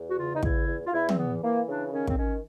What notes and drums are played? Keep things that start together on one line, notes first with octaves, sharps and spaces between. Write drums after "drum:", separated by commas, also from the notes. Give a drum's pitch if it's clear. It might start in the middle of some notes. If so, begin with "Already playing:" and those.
Already playing: E2
F#4
C#3 F4
D#4
E2 E4, drum: kick
E2
F4
E2 E4
C4, drum: tom
E3 B3
E3 A#3
C#3 D4
D#3 C#4
C4, drum: kick
D#3 C#4